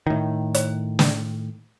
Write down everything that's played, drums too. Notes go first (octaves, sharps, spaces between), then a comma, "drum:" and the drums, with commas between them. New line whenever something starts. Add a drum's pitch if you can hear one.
A2 D#3
drum: hi-hat
drum: snare